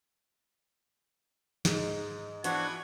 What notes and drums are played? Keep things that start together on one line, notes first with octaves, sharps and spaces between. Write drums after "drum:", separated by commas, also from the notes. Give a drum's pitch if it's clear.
G#2 G#3 D#4, drum: snare
E3 F3 B3 D4 F#4 F#5 G#6, drum: hi-hat